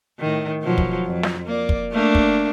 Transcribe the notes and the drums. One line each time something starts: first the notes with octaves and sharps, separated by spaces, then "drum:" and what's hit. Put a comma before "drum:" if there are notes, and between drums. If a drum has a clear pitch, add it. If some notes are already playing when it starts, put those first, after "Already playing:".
A2 D#3
B2 F3 F#3
drum: kick
F2
drum: snare
A#3 D5
drum: kick
A3 A#3 D4
drum: kick